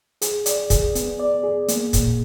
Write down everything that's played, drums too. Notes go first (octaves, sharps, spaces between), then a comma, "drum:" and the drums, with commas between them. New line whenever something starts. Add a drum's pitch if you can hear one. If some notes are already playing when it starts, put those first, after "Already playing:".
G#4, drum: hi-hat
D5, drum: hi-hat
G#4, drum: kick, hi-hat
B3, drum: hi-hat
D5
G#4
A#3, drum: hi-hat
A#2, drum: kick, hi-hat